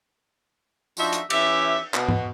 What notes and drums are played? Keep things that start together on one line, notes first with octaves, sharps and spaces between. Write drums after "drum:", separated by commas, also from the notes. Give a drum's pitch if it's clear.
F3 D4 D#4 F#4 E5, drum: tambourine
drum: hi-hat
E3 C#4 G4 E5, drum: cymbal
B2, drum: clap
drum: tom G#2